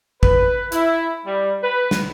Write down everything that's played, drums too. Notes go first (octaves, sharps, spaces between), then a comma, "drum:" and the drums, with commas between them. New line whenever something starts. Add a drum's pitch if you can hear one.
B4, drum: kick
E4, drum: hi-hat
G3
B4
drum: snare